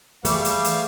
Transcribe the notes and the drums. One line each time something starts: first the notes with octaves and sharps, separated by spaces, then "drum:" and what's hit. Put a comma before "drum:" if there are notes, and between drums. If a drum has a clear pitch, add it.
E3 G3 A3 G#4 F5, drum: hi-hat
drum: hi-hat
drum: hi-hat